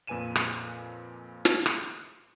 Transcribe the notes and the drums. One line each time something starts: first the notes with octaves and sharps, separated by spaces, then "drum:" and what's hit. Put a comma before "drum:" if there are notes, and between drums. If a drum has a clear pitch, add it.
F2 A#2 B4 G#5 D#7 E7
drum: rim click
drum: snare
drum: rim click